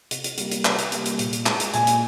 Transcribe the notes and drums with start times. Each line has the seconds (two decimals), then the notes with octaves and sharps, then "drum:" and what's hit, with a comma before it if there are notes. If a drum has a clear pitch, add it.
0.11 C3, drum: hi-hat
0.24 drum: hi-hat
0.38 G3 A#3, drum: hi-hat
0.51 drum: hi-hat
0.65 C3, drum: clap
0.79 drum: hi-hat
0.92 G3 A#3, drum: hi-hat
1.06 drum: hi-hat
1.19 A#2, drum: hi-hat
1.33 drum: hi-hat
1.46 G#3, drum: clap
1.60 drum: hi-hat
1.74 A#2 G#5, drum: hi-hat
1.87 drum: hi-hat